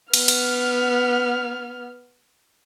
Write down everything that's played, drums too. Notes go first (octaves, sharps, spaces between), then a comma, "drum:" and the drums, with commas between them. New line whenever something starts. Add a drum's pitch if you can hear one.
B3 F6, drum: cymbal
drum: cymbal